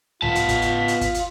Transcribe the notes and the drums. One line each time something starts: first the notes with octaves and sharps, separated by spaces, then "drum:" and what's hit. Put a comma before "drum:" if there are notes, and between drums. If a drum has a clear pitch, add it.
B3 F4 A5 B6, drum: tom C2
drum: hi-hat
drum: kick, hi-hat
drum: hi-hat
drum: hi-hat
drum: kick, hi-hat
drum: hi-hat